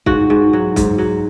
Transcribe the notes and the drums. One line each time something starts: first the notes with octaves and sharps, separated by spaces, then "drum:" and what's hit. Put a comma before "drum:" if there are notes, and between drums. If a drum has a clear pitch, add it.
G#2 F#4, drum: kick C2
G#2
F#3
G#2, drum: kick C2, hi-hat
F#3